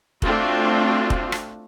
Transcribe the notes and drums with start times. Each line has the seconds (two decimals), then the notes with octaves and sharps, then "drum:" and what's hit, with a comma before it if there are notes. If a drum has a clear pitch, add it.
0.22 A3 C4 D4 F4 F#4, drum: kick
1.10 drum: kick
1.32 drum: rim click